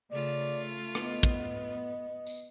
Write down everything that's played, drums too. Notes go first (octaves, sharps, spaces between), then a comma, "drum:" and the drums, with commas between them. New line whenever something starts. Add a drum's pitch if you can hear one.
C#3 A3 F4 D5
B3 D#5, drum: rim click
drum: kick
drum: tambourine